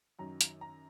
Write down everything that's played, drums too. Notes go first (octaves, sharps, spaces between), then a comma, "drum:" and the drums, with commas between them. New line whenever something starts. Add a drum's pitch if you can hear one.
F#2 D#3 F#3 A#5
drum: hi-hat
A#5